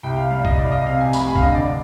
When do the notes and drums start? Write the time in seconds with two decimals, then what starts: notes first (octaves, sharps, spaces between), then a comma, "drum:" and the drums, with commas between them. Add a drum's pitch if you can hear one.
0.03 C2 G5
0.17 F5
0.30 G3 F5
0.45 D#5, drum: kick B1
0.58 C2 D5
0.66 F5
0.72 D#5
0.85 C3 F5
1.00 G#5
1.13 F1 B5, drum: tambourine
1.20 G#5
1.27 B5
1.35 F5, drum: kick B1
1.41 D3 D#5
1.55 D5